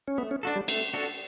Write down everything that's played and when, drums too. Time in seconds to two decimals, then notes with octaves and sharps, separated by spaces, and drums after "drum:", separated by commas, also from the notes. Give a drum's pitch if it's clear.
0.08 C#4
0.18 A3 B3
0.31 C#4
0.43 D4 F#4 A4
0.56 G3
0.68 A3, drum: cymbal
0.94 D4 F#4 A4